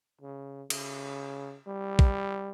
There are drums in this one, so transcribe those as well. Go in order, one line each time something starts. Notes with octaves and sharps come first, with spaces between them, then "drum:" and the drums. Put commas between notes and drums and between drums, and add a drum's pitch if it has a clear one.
C#3
C#3, drum: cymbal
G3
drum: kick